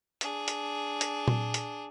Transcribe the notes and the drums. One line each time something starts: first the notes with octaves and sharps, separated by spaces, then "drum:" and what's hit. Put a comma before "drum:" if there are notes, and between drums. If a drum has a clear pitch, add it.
D4 G#4, drum: hi-hat
drum: hi-hat
drum: hi-hat
drum: tom A#2
drum: hi-hat